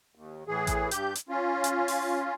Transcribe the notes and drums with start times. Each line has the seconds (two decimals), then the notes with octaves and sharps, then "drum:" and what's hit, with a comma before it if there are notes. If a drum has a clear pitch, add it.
0.15 D#2
0.48 A2 E3 G#4
0.67 drum: kick A1, hi-hat
0.91 G2 G4 G6, drum: hi-hat
1.15 drum: hi-hat
1.29 C#4 F4
1.64 drum: hi-hat
1.88 drum: open hi-hat